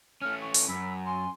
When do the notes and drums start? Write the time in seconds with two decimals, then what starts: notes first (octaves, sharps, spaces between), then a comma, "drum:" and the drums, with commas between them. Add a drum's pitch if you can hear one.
0.22 A3 C#4 F6
0.41 C#6
0.54 drum: open hi-hat
0.69 F#2 B5 E6
1.06 G#5 C6